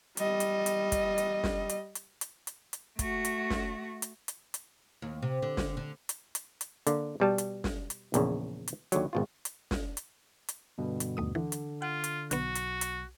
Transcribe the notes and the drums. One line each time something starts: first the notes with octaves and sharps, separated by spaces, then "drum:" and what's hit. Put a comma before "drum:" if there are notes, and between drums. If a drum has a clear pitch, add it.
G3 D#5, drum: hi-hat
drum: hi-hat
drum: hi-hat
drum: kick, hi-hat
drum: hi-hat
drum: snare
drum: hi-hat
drum: hi-hat
drum: hi-hat
drum: hi-hat
drum: hi-hat
A3 F#4, drum: kick, hi-hat
drum: hi-hat
drum: snare
drum: hi-hat
drum: hi-hat
drum: hi-hat
D#2
C3
D3
drum: snare
D3
drum: hi-hat
drum: hi-hat
drum: hi-hat
D3 A#3, drum: hi-hat
B2 G3 A5
drum: hi-hat
drum: snare
drum: hi-hat
A#1 E2 C#3, drum: hi-hat
drum: hi-hat
D#2 D3 F#3, drum: hi-hat
G#1 B2 F4
drum: hi-hat
drum: snare
drum: hi-hat
drum: hi-hat
G2 B2 D3
drum: hi-hat
D#2 A3 D#6
D3 E3
drum: hi-hat
F4 F#5
drum: hi-hat
B1 D3 B3 F#4, drum: hi-hat
drum: hi-hat
drum: hi-hat